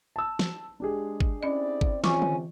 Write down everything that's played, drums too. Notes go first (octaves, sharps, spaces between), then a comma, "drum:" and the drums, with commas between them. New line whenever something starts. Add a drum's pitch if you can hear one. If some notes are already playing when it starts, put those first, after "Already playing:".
A5 E6
drum: snare
G#3 D4 G4 G#4
drum: kick
C4 C#4 E4 D5 D#5
drum: kick
C3 E3 G#3 C4 C#4 F4 C#6 D6, drum: snare
drum: tom D3